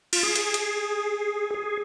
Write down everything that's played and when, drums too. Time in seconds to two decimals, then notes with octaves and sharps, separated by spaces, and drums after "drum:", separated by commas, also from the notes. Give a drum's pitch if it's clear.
0.13 F4, drum: cymbal
0.23 G#4
0.36 drum: hi-hat
0.54 drum: hi-hat
1.54 G#4